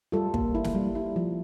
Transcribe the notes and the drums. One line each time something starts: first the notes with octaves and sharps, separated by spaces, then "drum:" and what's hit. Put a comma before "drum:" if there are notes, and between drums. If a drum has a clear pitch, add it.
G3 F4 A4
A#3, drum: kick
E4
drum: snare
G3
E4
F3